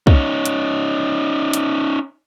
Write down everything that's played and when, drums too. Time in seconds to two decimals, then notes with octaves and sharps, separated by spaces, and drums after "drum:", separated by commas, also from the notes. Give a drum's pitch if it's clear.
0.07 C#4 D#4, drum: kick
0.46 drum: hi-hat
1.53 drum: hi-hat